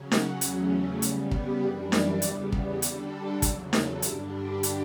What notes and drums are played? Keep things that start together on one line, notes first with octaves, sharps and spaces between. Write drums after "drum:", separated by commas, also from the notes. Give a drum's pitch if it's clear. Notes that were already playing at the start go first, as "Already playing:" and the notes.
Already playing: C#3 F#3 C#4
F#5, drum: snare D#4
E2 C#3 F#3 A3 C#4, drum: hi-hat
C#3 G3 B3, drum: hi-hat
G4, drum: kick
F#2 E3 G3 D4 B4
D5, drum: snare D#4
E2 C#3 G3 B3 B4, drum: hi-hat
drum: kick
D3 G3 D4 A4, drum: hi-hat
E2 C#3 F#3, drum: kick, hi-hat
A4, drum: snare D#4
G2 D3 G3 D4 G4, drum: hi-hat
G4
drum: hi-hat